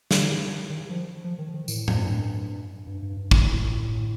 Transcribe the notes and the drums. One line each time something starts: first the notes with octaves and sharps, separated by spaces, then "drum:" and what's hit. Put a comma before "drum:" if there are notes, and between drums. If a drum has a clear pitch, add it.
D3, drum: snare
D#3
D#3
F3
F3
D#3
D#3
A2, drum: tambourine
F2, drum: tom A2
G2
G2
G2
G2
A2, drum: kick